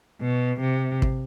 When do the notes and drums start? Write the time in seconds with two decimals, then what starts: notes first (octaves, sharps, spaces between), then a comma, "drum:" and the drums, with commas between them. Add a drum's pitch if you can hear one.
0.21 B2
0.60 C3
1.02 drum: kick